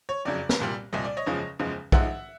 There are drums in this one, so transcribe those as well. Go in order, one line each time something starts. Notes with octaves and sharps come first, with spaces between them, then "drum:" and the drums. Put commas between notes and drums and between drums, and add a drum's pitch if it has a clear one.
C#5
F#1 F2 C#3 F#3 D5
drum: snare
C2 A#2 G3
C2 A#2 G3 D#5
D5
C#5 D#5
F#1 E2 C#3 F3 G#3
F#1 E2 C#3 F3 G#3
A1 G#2 F3 G#3 E5 F#5, drum: kick